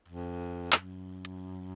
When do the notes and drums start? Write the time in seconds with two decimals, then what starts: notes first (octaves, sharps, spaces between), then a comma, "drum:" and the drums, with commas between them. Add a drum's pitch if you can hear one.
0.08 F2
0.72 F2, drum: clap
0.78 F#2
1.25 drum: hi-hat